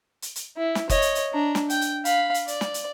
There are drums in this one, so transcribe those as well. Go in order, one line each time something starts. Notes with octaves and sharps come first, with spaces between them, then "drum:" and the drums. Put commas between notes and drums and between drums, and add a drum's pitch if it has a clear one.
drum: hi-hat
drum: hi-hat
E4
drum: snare
C#5 D#5, drum: kick F#1, hi-hat
drum: hi-hat
drum: hi-hat
D4 A#5
drum: snare
G5, drum: hi-hat
drum: hi-hat
F5 B5, drum: hi-hat
drum: hi-hat
D5, drum: hi-hat
drum: snare
drum: hi-hat